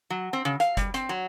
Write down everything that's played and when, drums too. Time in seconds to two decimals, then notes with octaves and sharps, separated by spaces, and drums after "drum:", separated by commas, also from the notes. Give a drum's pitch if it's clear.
0.10 F#3
0.33 C4
0.45 C#3
0.60 F5, drum: hi-hat
0.77 G3, drum: kick F#1, hi-hat
0.94 C4, drum: hi-hat
1.09 F#3